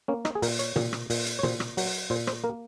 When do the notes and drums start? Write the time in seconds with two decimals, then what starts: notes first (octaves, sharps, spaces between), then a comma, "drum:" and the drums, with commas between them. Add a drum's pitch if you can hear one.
0.08 A#3 C#4
0.25 D#4, drum: rim click
0.35 G#4
0.42 A#2 A#4, drum: open hi-hat
0.59 C#5, drum: hi-hat
0.76 A#2, drum: tom
0.93 drum: rim click
1.10 A#2, drum: open hi-hat
1.26 drum: hi-hat
1.39 C#5
1.43 A#2 C5, drum: tom
1.60 drum: rim click
1.77 F#3, drum: open hi-hat
2.10 A#2 C5
2.27 C5, drum: rim click
2.44 A#3 A#4